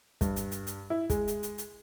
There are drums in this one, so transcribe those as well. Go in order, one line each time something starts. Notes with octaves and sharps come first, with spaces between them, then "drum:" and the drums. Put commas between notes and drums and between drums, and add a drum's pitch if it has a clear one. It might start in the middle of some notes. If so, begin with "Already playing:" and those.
G2, drum: kick, hi-hat
drum: hi-hat
drum: hi-hat
drum: hi-hat
E4
G#3, drum: kick, hi-hat
drum: hi-hat
drum: hi-hat
drum: hi-hat